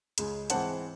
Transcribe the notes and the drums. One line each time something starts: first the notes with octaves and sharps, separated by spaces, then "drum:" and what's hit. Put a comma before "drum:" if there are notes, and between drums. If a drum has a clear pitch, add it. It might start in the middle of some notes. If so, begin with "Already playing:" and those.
C#2 C#3 G#3, drum: hi-hat
G#2 E3 G#3 C4 F#5 A5, drum: hi-hat